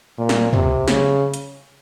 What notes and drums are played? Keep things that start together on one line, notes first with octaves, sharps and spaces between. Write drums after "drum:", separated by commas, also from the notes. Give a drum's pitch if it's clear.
A#2
drum: snare
C3, drum: tom
C#3, drum: snare
drum: hi-hat